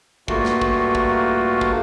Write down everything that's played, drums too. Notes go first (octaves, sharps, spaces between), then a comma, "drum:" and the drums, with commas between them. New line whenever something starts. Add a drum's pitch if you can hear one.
G2 A3 A#3 F4 F#4, drum: kick
drum: snare
drum: kick
drum: kick
drum: kick